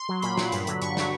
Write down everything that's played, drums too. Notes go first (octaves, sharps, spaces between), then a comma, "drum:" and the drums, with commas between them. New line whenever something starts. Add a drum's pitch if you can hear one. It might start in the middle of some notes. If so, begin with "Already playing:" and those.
Already playing: C6
F#3
A#2 B5, drum: hi-hat
F#3, drum: snare
G2, drum: hi-hat
D3 F#3, drum: hi-hat
G2 C#6, drum: hi-hat
D3 F#3, drum: snare